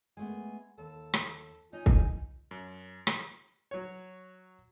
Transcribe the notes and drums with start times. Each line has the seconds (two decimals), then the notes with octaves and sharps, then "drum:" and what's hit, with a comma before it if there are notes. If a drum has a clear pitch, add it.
0.17 G#3 A3 B3 G#5
0.78 D#2 A4
1.14 drum: rim click
1.25 A4
1.73 C#4 D#4 F4 G#5
1.86 drum: kick C2
2.51 F#2
3.07 drum: rim click
3.71 F#3 C#5